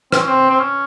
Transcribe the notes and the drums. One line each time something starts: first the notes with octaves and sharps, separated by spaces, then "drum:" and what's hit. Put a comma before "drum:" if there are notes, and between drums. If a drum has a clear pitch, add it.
C4, drum: rim click
C#4
C4
C4
C#4